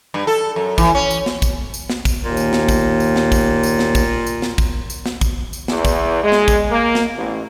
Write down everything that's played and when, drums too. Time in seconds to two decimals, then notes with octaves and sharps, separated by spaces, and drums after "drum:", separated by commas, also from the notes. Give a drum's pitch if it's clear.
0.14 G2
0.27 A4
0.56 F#2
0.78 E3, drum: kick, tambourine
0.95 C#4
1.11 drum: tambourine
1.26 drum: snare
1.42 drum: kick, tambourine
1.74 drum: tambourine
1.90 drum: snare
2.05 drum: kick, tambourine
2.25 D#2 A#2
2.37 drum: tambourine
2.53 drum: snare
2.69 drum: kick, tambourine
3.00 drum: tambourine
3.16 drum: snare
3.32 drum: kick, tambourine
3.63 drum: tambourine
3.79 drum: snare
3.95 drum: kick, tambourine
4.27 drum: tambourine
4.42 drum: snare
4.58 drum: kick, tambourine
4.90 drum: tambourine
5.06 drum: snare
5.21 drum: kick, tambourine
5.53 drum: tambourine
5.68 E2, drum: snare
5.85 drum: kick, tambourine
6.23 G#3
6.32 drum: snare
6.48 drum: kick, tambourine
6.71 A#3
6.95 drum: snare
7.17 A1